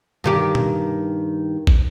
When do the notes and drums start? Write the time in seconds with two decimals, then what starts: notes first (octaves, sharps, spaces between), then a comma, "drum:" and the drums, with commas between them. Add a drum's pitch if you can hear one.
0.24 G2 D#3 G4
0.55 drum: tom
1.67 drum: kick